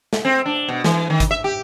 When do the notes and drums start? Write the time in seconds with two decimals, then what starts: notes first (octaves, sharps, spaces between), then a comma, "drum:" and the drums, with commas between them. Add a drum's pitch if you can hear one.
0.13 drum: snare
0.25 C4
0.46 D4
0.69 B2
0.84 E3, drum: snare
1.10 D#3
1.20 drum: kick, hi-hat
1.31 E5
1.44 G4